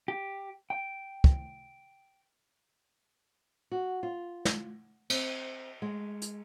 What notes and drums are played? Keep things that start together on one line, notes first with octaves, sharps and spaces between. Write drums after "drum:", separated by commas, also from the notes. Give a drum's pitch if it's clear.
G4
G5
drum: kick
F#4
F4
drum: snare
C4, drum: cymbal
G#3
drum: hi-hat